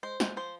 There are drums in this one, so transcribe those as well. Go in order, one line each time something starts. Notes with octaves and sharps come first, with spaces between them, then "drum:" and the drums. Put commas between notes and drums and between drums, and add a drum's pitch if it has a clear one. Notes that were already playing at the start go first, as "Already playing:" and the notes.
G#3 C5
G#3, drum: snare
F3 C5